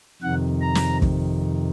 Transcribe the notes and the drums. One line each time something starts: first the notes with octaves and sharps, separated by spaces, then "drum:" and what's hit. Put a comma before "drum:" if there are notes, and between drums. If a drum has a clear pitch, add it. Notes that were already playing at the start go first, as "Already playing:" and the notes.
F2 C3 D#3 F#5
A#5
drum: snare
drum: kick